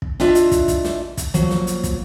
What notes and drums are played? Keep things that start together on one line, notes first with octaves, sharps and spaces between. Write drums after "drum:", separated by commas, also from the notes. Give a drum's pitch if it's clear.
drum: kick
D4 E4 F4 D#5 E5, drum: snare
drum: hi-hat
drum: kick, hi-hat
drum: kick, hi-hat
drum: snare
drum: kick, hi-hat
F3 F#3 A#3, drum: kick, hi-hat
drum: snare
drum: hi-hat
drum: kick, hi-hat